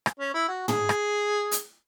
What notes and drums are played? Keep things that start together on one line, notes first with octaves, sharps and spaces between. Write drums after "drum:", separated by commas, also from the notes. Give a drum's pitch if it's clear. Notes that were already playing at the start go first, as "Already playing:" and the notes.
drum: rim click
C#4
E4
F#4
G#4, drum: tom
drum: rim click
drum: hi-hat